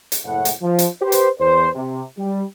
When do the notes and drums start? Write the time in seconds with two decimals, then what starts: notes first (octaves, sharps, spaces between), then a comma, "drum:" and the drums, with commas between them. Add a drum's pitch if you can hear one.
0.12 drum: hi-hat
0.25 F#1 A2 F#5
0.45 drum: hi-hat
0.62 F3
0.79 drum: hi-hat
1.02 G4 B4 C5
1.12 drum: hi-hat
1.39 E2 C5
1.75 C3
2.18 G3